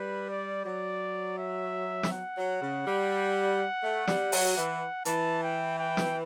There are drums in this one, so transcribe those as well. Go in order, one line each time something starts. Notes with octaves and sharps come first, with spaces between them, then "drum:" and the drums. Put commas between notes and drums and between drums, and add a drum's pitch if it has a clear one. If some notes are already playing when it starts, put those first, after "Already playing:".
Already playing: G3 B4
D5
F#3 D5
E5
drum: snare
F#5
F#3
C#3
G3
A3
G3, drum: snare
F#3, drum: open hi-hat
E3
E3 A5, drum: hi-hat
G5
G5
drum: snare